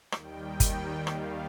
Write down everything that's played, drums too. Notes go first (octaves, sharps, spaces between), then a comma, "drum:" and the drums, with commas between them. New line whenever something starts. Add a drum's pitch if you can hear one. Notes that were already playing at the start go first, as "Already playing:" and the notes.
D#2 D#3 G3 G5, drum: rim click
drum: kick, hi-hat
F5, drum: rim click